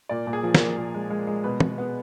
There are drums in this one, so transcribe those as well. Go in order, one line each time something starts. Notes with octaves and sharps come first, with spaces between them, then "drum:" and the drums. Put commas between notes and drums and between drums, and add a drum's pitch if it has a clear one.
A#2 D5
A#2
G#4
F3
A#4, drum: snare
A#2
A#2
G#3
G#3
G#3
B2 B4
B2, drum: tom
B3